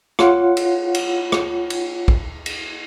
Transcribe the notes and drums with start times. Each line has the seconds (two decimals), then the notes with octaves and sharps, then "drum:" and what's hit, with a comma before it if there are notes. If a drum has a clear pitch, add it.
0.19 F4 C#5 F#5, drum: rim click
0.57 drum: cymbal
0.94 drum: cymbal
1.32 drum: rim click
1.70 drum: cymbal
2.08 drum: kick A#1
2.46 drum: cymbal